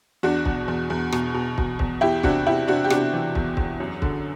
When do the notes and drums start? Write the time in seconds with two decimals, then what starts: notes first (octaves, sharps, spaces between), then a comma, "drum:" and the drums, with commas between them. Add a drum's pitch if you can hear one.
0.23 E2 D4 F#4
0.45 B2, drum: kick
0.68 E2
0.90 E2
1.12 B2, drum: rim click
1.34 B2
1.58 B2, drum: kick
1.79 E2, drum: kick
2.01 E2 E4 G4
2.23 C3 D4 F#4, drum: kick
2.46 C3 E4 G4
2.68 C3 D4 F#4
2.84 G4
2.90 C3 D4 F#4, drum: rim click
3.13 E3
3.35 E2, drum: kick
3.57 E2, drum: kick
3.80 F#2
4.02 D3, drum: kick